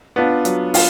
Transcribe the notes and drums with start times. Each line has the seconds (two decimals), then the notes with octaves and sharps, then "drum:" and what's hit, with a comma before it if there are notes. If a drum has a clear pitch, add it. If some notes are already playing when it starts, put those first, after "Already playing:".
0.16 B3 D4 F4
0.45 F#3, drum: hi-hat
0.74 F4, drum: open hi-hat